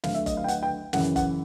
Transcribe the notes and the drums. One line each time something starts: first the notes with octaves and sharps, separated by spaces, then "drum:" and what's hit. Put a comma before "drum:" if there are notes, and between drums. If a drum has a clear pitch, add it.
D2 D3 F#3 A3 F5, drum: snare
E5
D#5, drum: kick F#1, hi-hat
F5
G5
F#5, drum: hi-hat
G5
F#2 C#3 E3 F#5, drum: snare
F#5, drum: kick F#1, hi-hat